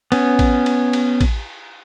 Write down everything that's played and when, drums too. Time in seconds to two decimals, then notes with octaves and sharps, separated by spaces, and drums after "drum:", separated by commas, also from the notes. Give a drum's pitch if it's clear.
0.12 B3 C#4, drum: cymbal
0.39 drum: kick A1, cymbal
0.66 drum: cymbal
0.93 drum: cymbal
1.21 drum: kick A1, cymbal